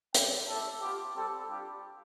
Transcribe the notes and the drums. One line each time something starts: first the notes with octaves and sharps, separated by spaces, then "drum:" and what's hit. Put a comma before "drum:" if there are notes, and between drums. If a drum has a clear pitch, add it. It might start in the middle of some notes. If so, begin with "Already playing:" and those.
C4 G4 G5, drum: hi-hat
A3 E4 G4 A4
B3 F4 G4
G3 C4 G4 A4
G3 D4 F4 G4